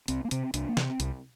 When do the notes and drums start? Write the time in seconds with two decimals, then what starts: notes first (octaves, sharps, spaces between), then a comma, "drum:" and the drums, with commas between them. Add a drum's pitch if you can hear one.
0.08 C2 C4, drum: hi-hat
0.25 A#3
0.31 C3 C4, drum: hi-hat
0.54 C2 D4, drum: hi-hat
0.69 A#3
0.77 C3 C4, drum: snare
1.00 C2, drum: hi-hat